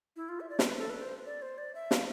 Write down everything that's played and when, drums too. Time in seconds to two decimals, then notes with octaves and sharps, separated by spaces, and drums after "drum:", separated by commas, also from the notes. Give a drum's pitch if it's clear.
0.16 E4
0.29 F4
0.40 E5
0.49 D5
0.59 C5, drum: snare
0.68 B4
0.78 A4
0.90 B4
1.01 C5
1.26 D5
1.42 C5
1.58 D5
1.75 E5
1.91 F5, drum: snare